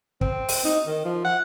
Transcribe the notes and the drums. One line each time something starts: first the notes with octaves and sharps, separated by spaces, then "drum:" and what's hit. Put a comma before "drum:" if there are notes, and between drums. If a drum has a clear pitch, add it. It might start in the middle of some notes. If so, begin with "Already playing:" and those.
C4, drum: kick
drum: open hi-hat
D#4
D#3
F3
F#5